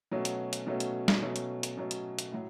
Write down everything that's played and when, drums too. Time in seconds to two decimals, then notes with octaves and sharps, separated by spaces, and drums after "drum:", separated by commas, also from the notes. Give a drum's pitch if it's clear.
0.11 B2 F#3 A3 C#4
0.25 drum: hi-hat
0.53 drum: hi-hat
0.67 B2 F#3 A3 C#4
0.80 drum: hi-hat
1.08 drum: snare
1.22 B2 F#3 A3 C#4
1.36 drum: hi-hat
1.63 drum: hi-hat
1.77 B2 F#3 A3 C#4
1.91 drum: hi-hat
2.19 drum: hi-hat
2.32 A2 F#3